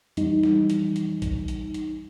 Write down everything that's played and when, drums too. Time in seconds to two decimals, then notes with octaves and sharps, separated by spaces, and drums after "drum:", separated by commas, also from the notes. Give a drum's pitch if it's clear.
0.17 F2 E3 G3 D#4, drum: hi-hat
0.43 drum: snare
0.70 drum: hi-hat
0.96 drum: hi-hat
1.22 drum: kick A1, hi-hat
1.48 drum: hi-hat
1.74 drum: hi-hat